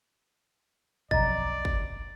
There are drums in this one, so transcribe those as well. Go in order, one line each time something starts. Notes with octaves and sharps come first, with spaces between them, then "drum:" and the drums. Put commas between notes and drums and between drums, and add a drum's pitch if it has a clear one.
B1 F2 D5 D#5 A#5 A6, drum: kick
drum: kick